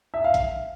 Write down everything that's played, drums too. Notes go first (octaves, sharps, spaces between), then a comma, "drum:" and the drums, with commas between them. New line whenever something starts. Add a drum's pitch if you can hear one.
E5
F5
drum: kick A#1, hi-hat